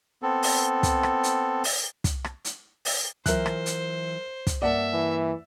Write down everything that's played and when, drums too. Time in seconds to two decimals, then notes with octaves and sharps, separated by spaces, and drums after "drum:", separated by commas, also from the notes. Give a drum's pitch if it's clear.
0.22 B3 C4 A4
0.43 drum: open hi-hat
0.83 drum: kick, hi-hat
1.03 drum: rim click
1.23 drum: hi-hat
1.64 drum: open hi-hat
2.04 drum: kick, hi-hat
2.24 drum: rim click
2.45 drum: hi-hat
2.85 drum: open hi-hat
3.26 E3 F#3 F4 A#4 C5 E5 F#6, drum: kick, hi-hat
3.46 drum: rim click
3.66 drum: hi-hat
4.47 drum: kick, hi-hat
4.62 G2 A#3 D5 E5 F#5 A5
4.93 E3